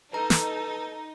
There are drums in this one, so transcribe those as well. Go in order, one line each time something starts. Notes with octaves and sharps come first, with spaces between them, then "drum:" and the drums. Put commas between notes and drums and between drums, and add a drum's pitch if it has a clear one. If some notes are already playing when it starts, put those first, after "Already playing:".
D#4 A4 B4 A5 A#5
drum: snare